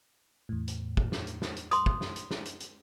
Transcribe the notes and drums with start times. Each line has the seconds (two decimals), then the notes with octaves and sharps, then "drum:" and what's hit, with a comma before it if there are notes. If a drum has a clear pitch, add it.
0.49 E2 A2
0.68 drum: hi-hat
0.97 drum: kick
1.12 drum: snare
1.27 drum: hi-hat
1.42 drum: snare
1.57 drum: hi-hat
1.71 C6 D#6, drum: hi-hat
1.86 drum: kick
2.01 drum: snare
2.16 drum: hi-hat
2.31 drum: snare
2.45 drum: hi-hat
2.60 drum: hi-hat